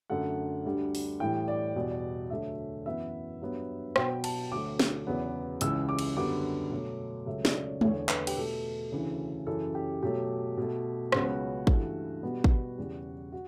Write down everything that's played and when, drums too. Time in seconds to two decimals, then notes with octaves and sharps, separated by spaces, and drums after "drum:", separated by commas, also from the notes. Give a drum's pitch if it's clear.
0.10 F#2 D3 A3 F#5
0.65 D2 D3 G3
0.95 drum: open hi-hat
1.20 A2 E3 G3 G5
1.48 D5
1.76 E2 B2 G3
2.30 D2 D3 F#3 A3 E5
2.86 F#2 E3 B3 E5
3.41 G2 F#3 B3
3.96 B2 F#3 B3 G5, drum: rim click
4.24 A5, drum: cymbal
4.51 D2 D3 F#3 A3 D6
4.80 drum: snare
5.07 E2 C#3 F#3 B3
5.61 C#2 C#3 E3 E6, drum: hi-hat
5.89 D6
5.99 drum: cymbal
6.17 F#2 D3 G3 B3 D6
6.71 B2 F#3 A3
7.26 C#2 C#3 F#3 A3 E5
7.45 D5, drum: snare
7.64 C#5
7.81 E2 D3 A3 C#5, drum: tom G#3
8.09 B4, drum: clap
8.27 G4, drum: cymbal
8.36 B2 A3 A4
8.92 D2 C#3 E3
9.47 F#2 C#3 E3 A4
9.75 G4
10.03 B2 F#3 A3 G4
10.58 B2 A3
11.12 C#2 C#3 F#3 B3 F#4, drum: rim click
11.67 G2 E3 A3, drum: kick
12.23 B2 G3 B3
12.44 drum: kick
12.78 E2 C#3 G3
13.32 F#4